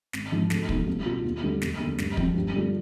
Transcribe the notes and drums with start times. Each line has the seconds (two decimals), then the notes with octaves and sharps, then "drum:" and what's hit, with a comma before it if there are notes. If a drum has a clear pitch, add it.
0.13 G#1, drum: snare
0.32 G#2 F3
0.50 D2, drum: snare
0.69 C3 F3 B3 D#4, drum: kick
0.87 C2
1.06 B2 B3 F4
1.24 D#2
1.43 D3 G3
1.62 F1, drum: snare
1.80 D#2 D3
1.98 G2, drum: snare
2.17 F3 C4, drum: kick
2.36 G2
2.54 D3 G3 D4 F4